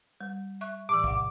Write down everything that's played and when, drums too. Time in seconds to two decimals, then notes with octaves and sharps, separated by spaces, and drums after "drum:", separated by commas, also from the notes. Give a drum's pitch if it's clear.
0.21 G3
0.61 E5 C#6 F#6
0.89 A2 E3 D6
1.04 E2 C3 F#5, drum: kick